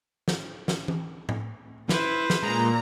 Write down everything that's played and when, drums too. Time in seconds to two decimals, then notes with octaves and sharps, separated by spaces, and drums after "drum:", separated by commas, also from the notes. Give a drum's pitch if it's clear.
0.28 drum: snare
0.68 drum: snare
0.88 drum: tom E3
1.29 drum: tom A2
1.89 E4 B4 C5, drum: snare
2.30 drum: snare
2.43 A#2 G#3 A#5